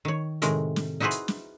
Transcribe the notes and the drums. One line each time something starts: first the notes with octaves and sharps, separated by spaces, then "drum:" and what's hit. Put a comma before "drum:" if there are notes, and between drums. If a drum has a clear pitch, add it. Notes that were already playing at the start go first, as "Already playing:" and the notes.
D#3 C#5
A2 C3 D#3 G#3 A#4, drum: hi-hat
drum: snare
D#4 E4 F#4 G#4 B4 C5
drum: hi-hat
drum: snare